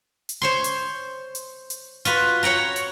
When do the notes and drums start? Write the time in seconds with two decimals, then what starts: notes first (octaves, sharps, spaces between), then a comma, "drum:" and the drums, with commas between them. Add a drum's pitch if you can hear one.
0.29 drum: hi-hat
0.42 C5 C#5 C6
0.64 drum: hi-hat
1.35 drum: hi-hat
1.70 drum: hi-hat
2.05 F4 F#4 B4, drum: hi-hat
2.43 C#5 F#5 G5 A#5
2.76 drum: hi-hat